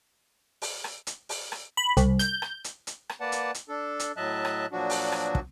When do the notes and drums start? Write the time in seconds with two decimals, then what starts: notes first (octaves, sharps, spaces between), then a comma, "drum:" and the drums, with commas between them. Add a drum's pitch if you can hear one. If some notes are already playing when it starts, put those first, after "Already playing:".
0.62 drum: open hi-hat
0.84 drum: rim click
1.07 drum: hi-hat
1.29 drum: open hi-hat
1.52 drum: rim click
1.77 B5
1.97 C2, drum: hi-hat
2.19 G6, drum: hi-hat
2.42 drum: rim click
2.64 drum: hi-hat
2.87 drum: hi-hat
3.09 drum: rim click
3.21 A#3 B4 D5 F#5 A5
3.32 drum: hi-hat
3.55 drum: hi-hat
3.69 D4 A4
4.00 drum: hi-hat
4.17 A2 F#3 D#5 E5 A5 F#6
4.45 drum: rim click
4.72 A#2 F3 F#3 D4 F#4
4.90 drum: open hi-hat
5.12 drum: rim click
5.35 drum: kick